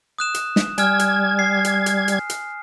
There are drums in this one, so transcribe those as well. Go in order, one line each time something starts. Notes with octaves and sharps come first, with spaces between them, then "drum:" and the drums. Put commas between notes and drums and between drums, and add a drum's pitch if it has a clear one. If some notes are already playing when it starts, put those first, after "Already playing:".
D#6 F#6 E7
drum: hi-hat
drum: snare
G3 G#5 F6 G#6, drum: hi-hat
drum: hi-hat
C7
drum: hi-hat
drum: hi-hat
drum: hi-hat
drum: hi-hat